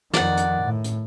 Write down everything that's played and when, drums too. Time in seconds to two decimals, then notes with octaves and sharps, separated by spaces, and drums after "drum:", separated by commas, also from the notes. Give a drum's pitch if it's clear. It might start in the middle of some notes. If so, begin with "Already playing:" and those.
0.13 F2 D#3 D5 F#5, drum: snare
0.37 drum: hi-hat
0.62 A2
0.84 drum: hi-hat